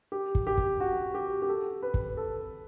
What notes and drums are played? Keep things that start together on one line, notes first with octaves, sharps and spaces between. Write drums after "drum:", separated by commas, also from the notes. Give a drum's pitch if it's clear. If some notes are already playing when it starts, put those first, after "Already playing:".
G4
drum: kick
G4
drum: kick
F#4
G4
G4
A4
B4
drum: kick
A4